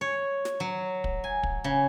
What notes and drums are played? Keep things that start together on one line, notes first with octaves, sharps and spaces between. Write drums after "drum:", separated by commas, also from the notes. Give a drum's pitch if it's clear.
C#5
drum: snare
F#3
drum: kick
G#5
drum: kick
C#3